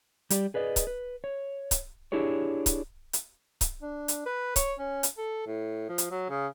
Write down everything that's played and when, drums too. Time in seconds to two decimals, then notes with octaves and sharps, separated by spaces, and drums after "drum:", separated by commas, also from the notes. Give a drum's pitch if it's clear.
0.30 G3 G4 D5, drum: hi-hat
0.54 G#4 B4 D5 D#5
0.76 drum: kick C#1, hi-hat
0.87 B4
1.24 C#5
1.71 drum: kick C#1, hi-hat
2.12 D4 E4 G4 G#4 C#5
2.66 drum: kick C#1, hi-hat
3.13 drum: hi-hat
3.61 drum: kick C#1, hi-hat
3.82 D4
4.08 drum: hi-hat
4.26 B4
4.56 C#5, drum: kick C#1, hi-hat
4.79 C#4
5.03 drum: hi-hat
5.18 A4
5.46 A2
5.89 F3
5.98 drum: hi-hat
6.11 F#3
6.29 C#3